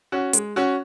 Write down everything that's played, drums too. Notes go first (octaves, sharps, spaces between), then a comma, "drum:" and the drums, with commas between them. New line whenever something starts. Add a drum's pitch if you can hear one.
C#4 F#4
G#3, drum: hi-hat
C#4 F#4